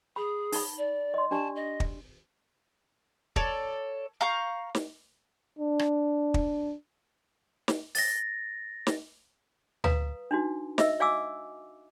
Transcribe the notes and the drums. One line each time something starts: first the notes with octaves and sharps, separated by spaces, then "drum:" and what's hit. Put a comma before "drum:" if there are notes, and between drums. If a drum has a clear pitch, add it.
G#4 B5
D#4 A5 B5, drum: open hi-hat
D5
D#5 C6
D4 G4 D5 A5
D#5
drum: kick
A4 C#5 D5, drum: kick
F5 A#5 C#6 G6
drum: snare
D4
drum: rim click
drum: kick
drum: snare
A6 A#6, drum: open hi-hat
drum: snare
B4 F5 A#5 D#6, drum: tom
D4 D#4 F#4
D#5 E5 E6, drum: snare
F#4 D5 F5 G#5 D6 E6